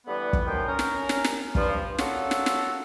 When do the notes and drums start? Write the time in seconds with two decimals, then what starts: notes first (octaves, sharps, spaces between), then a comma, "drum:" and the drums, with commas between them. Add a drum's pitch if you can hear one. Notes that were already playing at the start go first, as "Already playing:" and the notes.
0.06 D3 E3 G3 A3 B3
0.33 drum: kick
0.45 F#2 D#3 F3 G5
0.67 C#4 A#4
0.79 drum: snare
1.09 drum: snare
1.24 drum: snare
1.55 G2 F3, drum: kick
1.98 A#3 C#4 F4 F#4 A4, drum: snare
2.31 drum: snare
2.46 drum: snare